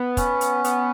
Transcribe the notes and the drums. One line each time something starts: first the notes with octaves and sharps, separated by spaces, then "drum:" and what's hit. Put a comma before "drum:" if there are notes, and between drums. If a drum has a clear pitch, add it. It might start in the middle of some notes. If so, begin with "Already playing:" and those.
Already playing: B3
C#4, drum: kick, hi-hat
drum: hi-hat
B3, drum: hi-hat